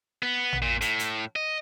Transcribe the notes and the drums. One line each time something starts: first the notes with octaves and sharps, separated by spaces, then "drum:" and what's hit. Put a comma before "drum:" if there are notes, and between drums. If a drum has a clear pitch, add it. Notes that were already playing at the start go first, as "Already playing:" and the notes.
B3
drum: tom A1
A#2
A2, drum: hi-hat
drum: hi-hat
D#5